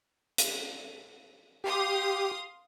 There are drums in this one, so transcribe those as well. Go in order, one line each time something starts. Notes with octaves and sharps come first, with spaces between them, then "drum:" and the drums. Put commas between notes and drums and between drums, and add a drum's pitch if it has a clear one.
drum: hi-hat
G4 F5 C6 D#6